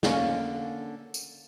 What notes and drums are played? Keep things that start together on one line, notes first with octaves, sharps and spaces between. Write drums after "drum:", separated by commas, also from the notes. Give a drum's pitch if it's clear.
D3 A#3 C#4, drum: snare
drum: tambourine